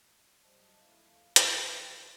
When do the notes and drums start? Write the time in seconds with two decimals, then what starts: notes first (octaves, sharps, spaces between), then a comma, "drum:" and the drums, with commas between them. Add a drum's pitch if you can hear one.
0.43 F#2 G3 C5 D#5 A5
0.81 F2 A3 E4 F5 A5
1.36 drum: hi-hat
1.61 F#2 B2 A4 F5
1.94 D#3 F3 D4 F#4 G4 A#4